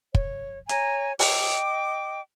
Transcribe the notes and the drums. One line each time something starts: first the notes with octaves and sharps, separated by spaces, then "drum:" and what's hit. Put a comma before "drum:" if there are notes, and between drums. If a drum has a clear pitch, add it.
C#5, drum: kick
C#5 G#5 A#5, drum: hi-hat
D#5 G5 D6, drum: open hi-hat